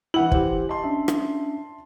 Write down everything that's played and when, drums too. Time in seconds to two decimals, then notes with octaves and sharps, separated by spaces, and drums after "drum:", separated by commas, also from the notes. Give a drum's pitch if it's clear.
0.14 E3 E4 F#5 F#7
0.32 G4 C5, drum: kick
0.69 D#5 A5 C6
0.84 C#4 D4 E5
1.08 drum: rim click